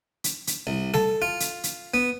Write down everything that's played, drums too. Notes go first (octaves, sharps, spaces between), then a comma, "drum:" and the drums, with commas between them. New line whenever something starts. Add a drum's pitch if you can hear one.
drum: hi-hat
drum: hi-hat
C2
A4, drum: snare G3
F4
drum: hi-hat
drum: hi-hat
B3